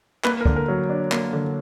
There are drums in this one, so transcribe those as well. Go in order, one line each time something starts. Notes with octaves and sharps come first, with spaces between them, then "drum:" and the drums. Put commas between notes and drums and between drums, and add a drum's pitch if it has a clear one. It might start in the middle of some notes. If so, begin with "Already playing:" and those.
A#3 B4, drum: clap
A#4
D3, drum: kick
A#4
F#3
D4
A#3, drum: clap
D3